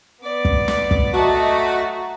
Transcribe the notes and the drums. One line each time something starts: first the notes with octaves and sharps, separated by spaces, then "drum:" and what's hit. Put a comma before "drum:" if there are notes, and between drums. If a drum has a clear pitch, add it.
B3 D5
drum: kick
drum: snare
drum: kick
F#3 A3 F#4 D#5 A5